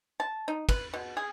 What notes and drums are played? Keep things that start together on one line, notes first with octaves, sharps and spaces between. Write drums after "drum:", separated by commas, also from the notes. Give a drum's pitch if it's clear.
A5
D#4
B4, drum: kick, cymbal
B2
G#4